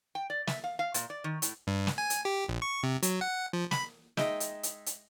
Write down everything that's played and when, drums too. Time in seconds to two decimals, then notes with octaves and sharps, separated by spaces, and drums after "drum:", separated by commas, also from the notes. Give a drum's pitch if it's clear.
0.15 G5
0.30 D5
0.47 E5, drum: snare
0.64 F5
0.79 F5
0.94 A#2, drum: hi-hat
1.10 D5
1.24 D#3
1.42 A2, drum: hi-hat
1.67 G2
1.87 drum: snare
1.98 G#5
2.10 drum: hi-hat
2.25 G4
2.49 A#1
2.62 C#6
2.83 C3
3.03 F#3, drum: hi-hat
3.21 F#5
3.53 F3
3.71 B5, drum: snare
4.17 G#3 D#4 D#5 E5 G5, drum: snare
4.40 drum: hi-hat
4.63 drum: hi-hat
4.86 drum: hi-hat